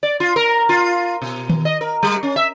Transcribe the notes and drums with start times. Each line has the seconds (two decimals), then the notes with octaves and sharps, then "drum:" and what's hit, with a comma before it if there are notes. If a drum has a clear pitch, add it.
0.03 D5
0.20 F4
0.36 A#4
0.69 F4
1.22 B2
1.50 drum: tom D#3
1.65 D#5
1.81 A#4
2.03 G3
2.23 C#4
2.36 E5